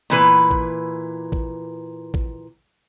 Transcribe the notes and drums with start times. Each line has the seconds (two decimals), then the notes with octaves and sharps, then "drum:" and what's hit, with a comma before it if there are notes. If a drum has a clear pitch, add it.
0.10 A#2 E3 B4
0.51 drum: kick
1.32 drum: kick
2.14 drum: kick